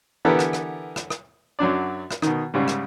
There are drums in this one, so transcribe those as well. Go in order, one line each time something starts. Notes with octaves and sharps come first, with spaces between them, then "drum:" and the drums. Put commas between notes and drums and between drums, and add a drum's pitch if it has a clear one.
D3 E3 B3 G4 A4 A#4
drum: rim click
drum: rim click
drum: rim click
drum: rim click
F#2 F#3 D4 D5
drum: rim click
B2 D#3, drum: rim click
G#2 C#3 G3
drum: rim click